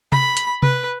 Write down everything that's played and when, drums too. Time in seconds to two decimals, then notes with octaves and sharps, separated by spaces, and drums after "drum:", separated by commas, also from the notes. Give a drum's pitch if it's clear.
0.12 B5, drum: tom C3
0.37 drum: hi-hat
0.63 B4, drum: tom C3